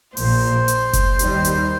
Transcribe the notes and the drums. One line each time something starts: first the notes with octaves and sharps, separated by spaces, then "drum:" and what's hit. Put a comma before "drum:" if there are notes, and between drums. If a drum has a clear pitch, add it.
A#1 A#2 A#3 C5, drum: open hi-hat
drum: hi-hat
drum: kick F#1, hi-hat
D#2 D#3 G3, drum: hi-hat
drum: hi-hat